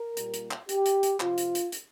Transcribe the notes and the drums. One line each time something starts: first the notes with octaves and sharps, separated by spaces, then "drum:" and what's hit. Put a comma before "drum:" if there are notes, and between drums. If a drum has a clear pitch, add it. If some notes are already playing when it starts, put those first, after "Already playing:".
Already playing: A#4
A#2 G3, drum: hi-hat
drum: hi-hat
drum: clap
G4, drum: hi-hat
drum: hi-hat
drum: hi-hat
C3 F3 F4, drum: clap
drum: hi-hat
drum: hi-hat
drum: hi-hat